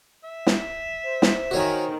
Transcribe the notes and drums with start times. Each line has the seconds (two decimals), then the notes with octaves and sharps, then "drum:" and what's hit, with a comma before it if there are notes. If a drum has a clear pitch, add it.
0.25 E5
0.47 drum: snare
1.03 C5
1.22 drum: snare
1.51 D#3 F#4 C#5 G#5